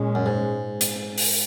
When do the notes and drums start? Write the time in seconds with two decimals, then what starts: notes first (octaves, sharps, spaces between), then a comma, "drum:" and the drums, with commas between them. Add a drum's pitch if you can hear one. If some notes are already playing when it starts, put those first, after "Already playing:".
Already playing: A#2 G#3 C#4
0.15 F#2
0.26 G#2
0.81 drum: hi-hat
1.18 drum: open hi-hat